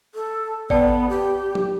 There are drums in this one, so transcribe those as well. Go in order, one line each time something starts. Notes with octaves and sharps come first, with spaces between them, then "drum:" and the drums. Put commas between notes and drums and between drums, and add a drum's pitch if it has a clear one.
A4
B3 D5 G5 A5, drum: kick G#1
G4
drum: tom